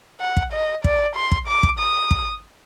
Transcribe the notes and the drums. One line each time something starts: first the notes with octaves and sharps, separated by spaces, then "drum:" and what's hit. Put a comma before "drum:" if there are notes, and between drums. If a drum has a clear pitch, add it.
F#5
drum: kick
D#5
D5, drum: kick
C6
drum: kick
D6
drum: kick
D#6
drum: kick